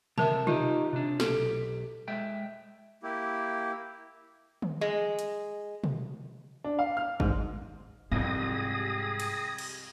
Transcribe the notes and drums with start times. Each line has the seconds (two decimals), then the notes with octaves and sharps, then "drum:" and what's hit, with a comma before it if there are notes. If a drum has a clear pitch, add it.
0.18 C3 A4 A#4 E5 A5, drum: tom C#3
0.47 D#4 F4 G4 D#5, drum: tom B2
0.93 C3 D4
1.20 B1 G4 A4, drum: snare
2.08 G#3 E5 G5
3.03 A#3 E4 G4
4.62 drum: tom D3
4.81 G#3
5.19 drum: hi-hat
5.84 drum: tom B2
6.64 D4
6.79 F5
6.97 F6
7.20 G#2, drum: kick
8.12 C2 F2 G#2 G4 G#4 D#6 A#6
9.20 drum: cymbal
9.58 drum: cymbal